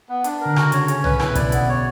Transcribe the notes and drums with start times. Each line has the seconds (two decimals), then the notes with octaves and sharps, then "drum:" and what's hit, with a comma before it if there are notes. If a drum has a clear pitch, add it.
0.09 B3
0.24 D4, drum: hi-hat
0.41 D3 A#4
0.56 C#3 F#4, drum: rim click
0.72 C#3 C#5, drum: hi-hat
0.88 C#4, drum: hi-hat
1.04 B4, drum: tom
1.20 B2 E4, drum: rim click
1.30 C#3
1.35 D5, drum: kick, hi-hat
1.41 B2
1.52 B2 B3, drum: hi-hat
1.68 C#5